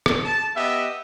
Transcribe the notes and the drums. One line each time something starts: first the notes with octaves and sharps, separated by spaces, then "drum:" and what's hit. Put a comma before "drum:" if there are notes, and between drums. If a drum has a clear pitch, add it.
drum: rim click
A5
B3 G4 D#5 E5